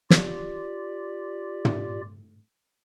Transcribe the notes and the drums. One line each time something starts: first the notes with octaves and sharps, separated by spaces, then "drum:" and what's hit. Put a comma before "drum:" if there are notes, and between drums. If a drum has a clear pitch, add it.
F4 G4 D5, drum: snare
drum: tom